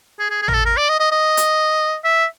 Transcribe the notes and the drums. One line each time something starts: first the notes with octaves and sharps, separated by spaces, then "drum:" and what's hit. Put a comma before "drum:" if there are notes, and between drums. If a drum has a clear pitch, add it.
G#4
G#4
G#4
A#4, drum: tom G#1
A4
A#4
D5
D#5
D#5
D#5
drum: hi-hat
E5